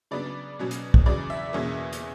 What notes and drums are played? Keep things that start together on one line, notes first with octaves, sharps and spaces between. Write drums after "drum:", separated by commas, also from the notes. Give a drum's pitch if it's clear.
C#3 F#3 B3 D4 D5
B2 F#3 C#4
drum: hi-hat
drum: kick
E2 C#3 F#3 D5
E5
E2 B2 A#3 C#4
drum: hi-hat